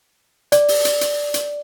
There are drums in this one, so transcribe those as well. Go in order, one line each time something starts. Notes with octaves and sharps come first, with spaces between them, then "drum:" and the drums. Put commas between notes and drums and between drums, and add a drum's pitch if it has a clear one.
D5, drum: hi-hat
drum: open hi-hat
drum: hi-hat
drum: hi-hat
drum: hi-hat